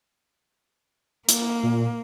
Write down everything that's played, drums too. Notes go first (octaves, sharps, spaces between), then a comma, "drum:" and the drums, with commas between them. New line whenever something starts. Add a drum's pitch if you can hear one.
A#3, drum: hi-hat
A#2